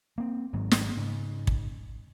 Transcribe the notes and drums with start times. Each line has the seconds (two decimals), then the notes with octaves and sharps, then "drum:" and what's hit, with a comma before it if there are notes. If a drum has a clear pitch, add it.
0.18 A#3 C4
0.53 G#1 G#2 F#3
0.71 drum: snare
0.97 G#2 C#3
1.47 drum: kick